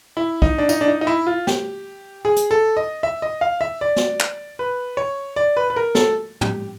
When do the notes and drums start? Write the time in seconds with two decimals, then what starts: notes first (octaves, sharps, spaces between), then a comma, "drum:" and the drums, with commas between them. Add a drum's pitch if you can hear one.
0.17 E4
0.42 D#4, drum: kick
0.58 D4
0.69 D#4, drum: tambourine
0.81 D4
0.88 D#4
1.01 D#4
1.07 E4
1.27 F4
1.47 G4, drum: snare
2.25 G#4
2.36 drum: hi-hat
2.51 A4
2.77 D#5
3.03 E5
3.22 D#5
3.41 F5
3.61 E5
3.81 D5
3.96 drum: snare
4.20 drum: clap
4.59 B4
4.97 C#5
5.36 D5
5.57 B4
5.70 B4
5.76 A#4
5.95 A4, drum: snare
6.41 G4, drum: tom